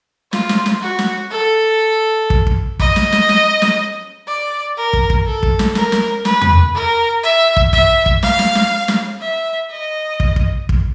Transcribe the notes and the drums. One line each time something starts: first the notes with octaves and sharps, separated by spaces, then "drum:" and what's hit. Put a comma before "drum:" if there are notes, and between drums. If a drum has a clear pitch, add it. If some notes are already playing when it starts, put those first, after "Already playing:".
F4, drum: snare
drum: snare
drum: snare
F#4
drum: snare
A4
drum: kick
drum: kick
D#5, drum: kick
drum: snare
drum: snare
drum: snare
drum: snare
D5
A#4
drum: kick
drum: kick
A4
drum: kick
drum: snare
A#4, drum: snare
drum: snare
B4, drum: snare
drum: tom E2
A#4
E5
drum: kick
E5, drum: kick
drum: kick
F5, drum: snare
drum: snare
drum: snare
drum: snare
E5
D#5
drum: kick
drum: kick
drum: kick